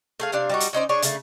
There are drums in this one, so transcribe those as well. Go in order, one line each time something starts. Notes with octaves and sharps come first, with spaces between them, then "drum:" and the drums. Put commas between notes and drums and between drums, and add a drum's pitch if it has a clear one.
A3 G#4 F5
C3 C4 D4 F5
G3 D#4 F#4
drum: hi-hat
C#4 D#4 C5 D5
D4 G#4 C#5
C#3 A3, drum: hi-hat